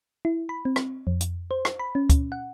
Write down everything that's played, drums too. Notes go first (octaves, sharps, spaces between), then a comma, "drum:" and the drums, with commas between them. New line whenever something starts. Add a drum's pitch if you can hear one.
E4
B5
C4
drum: rim click
F2
drum: hi-hat
C5
drum: rim click
B5
C#4
drum: kick, hi-hat
F#5